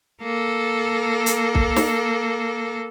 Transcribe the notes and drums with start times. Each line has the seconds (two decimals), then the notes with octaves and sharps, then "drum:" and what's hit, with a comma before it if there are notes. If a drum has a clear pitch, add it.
0.22 A#3 A4
1.26 drum: hi-hat
1.55 drum: kick C2
1.76 drum: snare